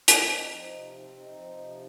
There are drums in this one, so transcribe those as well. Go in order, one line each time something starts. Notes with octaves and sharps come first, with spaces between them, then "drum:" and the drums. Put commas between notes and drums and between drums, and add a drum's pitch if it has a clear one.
C4, drum: hi-hat
D#4
F3
C3
C4
D#4
F3
C3